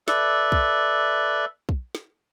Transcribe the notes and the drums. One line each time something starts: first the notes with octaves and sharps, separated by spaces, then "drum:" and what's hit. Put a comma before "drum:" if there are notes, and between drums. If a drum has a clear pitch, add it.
A4 B4 D5 E5, drum: snare
drum: kick
drum: kick
drum: snare